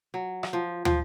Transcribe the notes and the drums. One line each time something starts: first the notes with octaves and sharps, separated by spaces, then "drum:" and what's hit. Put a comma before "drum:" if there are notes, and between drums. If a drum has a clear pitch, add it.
F#3
drum: rim click
F3
F3, drum: tom